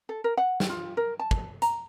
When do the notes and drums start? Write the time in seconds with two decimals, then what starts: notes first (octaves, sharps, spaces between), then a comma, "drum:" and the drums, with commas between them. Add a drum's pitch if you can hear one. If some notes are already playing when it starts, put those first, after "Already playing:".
0.09 A4
0.24 A#4
0.37 F#5
0.60 drum: snare
0.69 F4
0.97 A#4
1.19 A5
1.31 drum: kick
1.62 A#5, drum: hi-hat